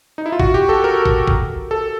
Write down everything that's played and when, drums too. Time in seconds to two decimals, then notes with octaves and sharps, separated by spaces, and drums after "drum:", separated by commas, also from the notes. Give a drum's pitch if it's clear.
0.18 D#4
0.26 E4
0.32 F4
0.40 F#4, drum: kick
0.54 G4
0.69 A4
0.84 A#4
1.06 drum: kick
1.27 drum: kick
1.71 A4